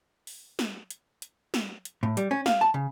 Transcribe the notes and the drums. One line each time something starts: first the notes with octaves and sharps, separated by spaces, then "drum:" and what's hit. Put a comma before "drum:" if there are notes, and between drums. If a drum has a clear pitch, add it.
drum: open hi-hat
drum: snare
drum: hi-hat
drum: hi-hat
drum: snare
drum: hi-hat
A2
G3, drum: hi-hat
C#4
F5, drum: snare
A5
C#3